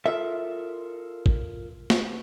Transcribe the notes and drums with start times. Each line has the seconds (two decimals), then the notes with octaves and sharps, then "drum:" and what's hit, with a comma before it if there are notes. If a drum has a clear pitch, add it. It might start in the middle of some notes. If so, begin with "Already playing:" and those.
0.06 F4 A4 A#4 E5
1.26 drum: kick
1.90 drum: snare